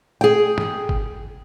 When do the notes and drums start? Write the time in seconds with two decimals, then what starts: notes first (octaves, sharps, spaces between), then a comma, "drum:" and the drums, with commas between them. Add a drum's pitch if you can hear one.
0.21 G#4 G5
0.58 drum: tom
0.89 drum: kick